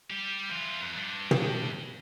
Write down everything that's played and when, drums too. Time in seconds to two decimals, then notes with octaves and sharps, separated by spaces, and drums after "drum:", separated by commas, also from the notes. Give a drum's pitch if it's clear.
0.10 G3 G4
0.50 E3 F4
0.81 F2
0.96 G2 D4
1.31 drum: tom